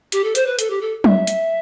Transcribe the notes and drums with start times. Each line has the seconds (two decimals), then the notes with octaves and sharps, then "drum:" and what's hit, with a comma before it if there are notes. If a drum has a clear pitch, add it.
0.12 G4, drum: hi-hat
0.24 A4
0.35 C5, drum: hi-hat
0.46 B4
0.59 A4, drum: hi-hat
0.70 G4
0.81 A4
1.04 E5, drum: tom F#3
1.27 drum: hi-hat